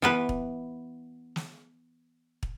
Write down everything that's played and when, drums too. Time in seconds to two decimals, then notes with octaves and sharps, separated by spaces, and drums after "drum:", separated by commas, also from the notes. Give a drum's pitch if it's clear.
0.02 E3 B3 B4
0.29 drum: kick
1.36 drum: snare
2.43 drum: kick